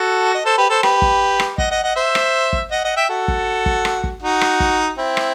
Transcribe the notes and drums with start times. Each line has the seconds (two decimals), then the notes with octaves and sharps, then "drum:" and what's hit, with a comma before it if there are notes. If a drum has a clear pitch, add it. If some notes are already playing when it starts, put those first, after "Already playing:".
Already playing: F#4 A4
0.34 D#5
0.45 A4 C5
0.57 G4 B4
0.70 A4 C5
0.83 G4 B4, drum: rim click
1.02 drum: kick
1.39 drum: rim click
1.58 D#5 F#5, drum: kick
1.70 D#5 F#5
1.83 D#5 F#5
1.95 C5 E5
2.15 drum: rim click
2.53 drum: kick
2.71 D#5 F#5
2.84 D#5 F#5
2.96 E5 G5
3.09 F#4 A4
3.28 drum: kick
3.66 drum: kick
3.85 drum: rim click
4.04 drum: kick
4.22 D#4 F#4
4.41 drum: rim click
4.60 drum: kick
4.98 C4 E4
5.17 drum: rim click